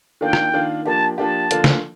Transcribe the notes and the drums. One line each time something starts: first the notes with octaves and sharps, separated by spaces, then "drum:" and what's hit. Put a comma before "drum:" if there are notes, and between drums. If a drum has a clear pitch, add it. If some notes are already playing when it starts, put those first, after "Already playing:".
D#3 A#3 D4 F4 G5
drum: rim click
D#3 A#3 D4 F4
F3 A#3 D4 G4 A5
F3 A#3 D4 G4 A5
D3 F3 A#3 D4 F4, drum: hi-hat
drum: snare